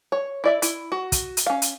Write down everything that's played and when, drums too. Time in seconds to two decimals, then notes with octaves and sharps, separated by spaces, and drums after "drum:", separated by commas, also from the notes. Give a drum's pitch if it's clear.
0.12 C#5
0.44 E4 D5 E5
0.62 E4, drum: hi-hat
0.92 F#4
1.12 drum: kick, hi-hat
1.37 drum: hi-hat
1.46 C#4 F5
1.62 drum: hi-hat